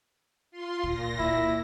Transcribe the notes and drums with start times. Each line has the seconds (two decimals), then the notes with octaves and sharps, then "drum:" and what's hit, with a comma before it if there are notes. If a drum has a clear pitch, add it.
0.51 F4 C6
0.83 A#2 A#6, drum: kick
1.19 E4, drum: kick